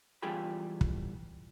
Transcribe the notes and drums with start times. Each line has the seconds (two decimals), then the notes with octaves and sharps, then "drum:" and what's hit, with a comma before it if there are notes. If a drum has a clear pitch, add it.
0.22 E2 G3 F4 G#4 G5 B5
0.81 drum: kick